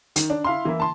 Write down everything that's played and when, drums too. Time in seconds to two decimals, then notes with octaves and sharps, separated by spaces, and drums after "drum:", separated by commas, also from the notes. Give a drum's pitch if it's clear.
0.16 D#3, drum: hi-hat
0.30 D4
0.44 E4 F5 C6
0.65 E3 A#3 E4
0.80 A5 C6